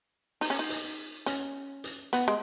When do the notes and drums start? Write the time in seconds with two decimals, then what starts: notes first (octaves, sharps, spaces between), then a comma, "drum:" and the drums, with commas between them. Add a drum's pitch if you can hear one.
0.41 D#4, drum: open hi-hat
0.50 C#4
0.59 D#4
0.70 drum: hi-hat
1.26 C#4, drum: hi-hat
1.84 drum: hi-hat
2.13 B3, drum: hi-hat
2.28 G#3